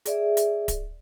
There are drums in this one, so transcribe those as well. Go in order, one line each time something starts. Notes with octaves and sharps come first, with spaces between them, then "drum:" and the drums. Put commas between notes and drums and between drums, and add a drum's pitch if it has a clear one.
G#4 D5 E5, drum: hi-hat
drum: hi-hat
drum: kick D1, hi-hat